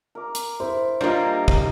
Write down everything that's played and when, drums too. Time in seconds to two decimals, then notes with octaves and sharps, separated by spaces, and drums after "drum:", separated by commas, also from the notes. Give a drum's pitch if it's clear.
0.15 A#4 D6
0.35 drum: hi-hat
0.60 E4 C5
1.01 G3 A#3 D4 F4 A#4 D#5
1.48 drum: kick